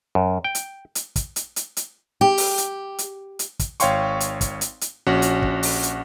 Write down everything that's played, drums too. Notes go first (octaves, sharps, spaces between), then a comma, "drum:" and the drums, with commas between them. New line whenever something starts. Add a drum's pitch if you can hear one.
F#2
G5
drum: hi-hat
drum: hi-hat
drum: kick, hi-hat
drum: hi-hat
drum: hi-hat
drum: hi-hat
G4
drum: open hi-hat
drum: hi-hat
drum: hi-hat
drum: hi-hat
drum: kick, hi-hat
G#1 C#5 F5 G5 C6 C#6, drum: hi-hat
drum: hi-hat
drum: kick, hi-hat
drum: hi-hat
drum: hi-hat
A#1 C#4 F#4 F#5
drum: hi-hat
drum: kick
drum: open hi-hat
drum: hi-hat